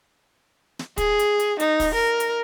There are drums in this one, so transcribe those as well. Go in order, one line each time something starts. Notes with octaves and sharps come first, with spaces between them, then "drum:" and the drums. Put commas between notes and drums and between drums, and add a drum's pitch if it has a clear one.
drum: snare
G#4, drum: kick, hi-hat
drum: hi-hat
drum: hi-hat
D#4, drum: hi-hat
drum: kick, open hi-hat
A#4
drum: hi-hat